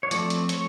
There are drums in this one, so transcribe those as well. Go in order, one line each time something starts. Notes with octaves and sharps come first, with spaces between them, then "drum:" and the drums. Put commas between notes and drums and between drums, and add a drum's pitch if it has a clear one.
C#5
F3 A3 C4 D5, drum: hi-hat
drum: hi-hat
C#5, drum: hi-hat